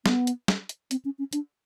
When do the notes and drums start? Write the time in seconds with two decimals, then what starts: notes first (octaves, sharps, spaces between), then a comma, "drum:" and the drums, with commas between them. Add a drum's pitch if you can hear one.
0.06 B3, drum: snare
0.27 drum: hi-hat
0.48 drum: snare
0.69 drum: hi-hat
0.91 C4, drum: hi-hat
1.05 C#4
1.19 C#4
1.33 D4, drum: hi-hat